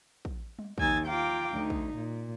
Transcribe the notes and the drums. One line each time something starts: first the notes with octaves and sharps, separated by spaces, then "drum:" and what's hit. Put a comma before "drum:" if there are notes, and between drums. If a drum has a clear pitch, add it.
drum: kick
drum: tom G3
D#2 D#4 G#5 E6 G#6 A6, drum: kick
F4 F5 G5 A#5 D6
D2 D#4
drum: kick
A#2